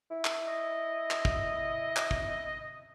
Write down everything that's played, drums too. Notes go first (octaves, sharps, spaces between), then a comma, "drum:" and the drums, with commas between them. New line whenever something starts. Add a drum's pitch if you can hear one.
E4
drum: clap
D#5
drum: clap
drum: kick
drum: clap
drum: kick